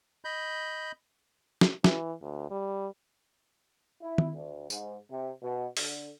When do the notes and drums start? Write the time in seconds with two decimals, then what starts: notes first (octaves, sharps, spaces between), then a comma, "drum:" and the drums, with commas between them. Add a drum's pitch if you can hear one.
0.25 D#5 B5 G6
1.61 drum: snare
1.84 E3, drum: snare
2.21 D2
2.51 G3
4.02 E4
4.18 drum: tom
4.33 D2
4.70 G#2, drum: tambourine
5.11 C3
5.42 B2
5.77 D3, drum: open hi-hat